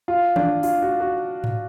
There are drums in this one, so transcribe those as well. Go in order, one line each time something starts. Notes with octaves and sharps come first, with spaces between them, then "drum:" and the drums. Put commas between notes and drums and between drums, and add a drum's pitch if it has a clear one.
F4
D4, drum: tom D#3
F4, drum: open hi-hat
F#4
F#4
drum: tom G#2